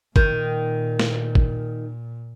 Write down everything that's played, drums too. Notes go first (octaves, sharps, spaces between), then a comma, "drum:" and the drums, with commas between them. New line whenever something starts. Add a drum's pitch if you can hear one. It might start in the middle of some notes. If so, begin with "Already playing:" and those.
A#2 D#3, drum: kick
drum: snare
drum: kick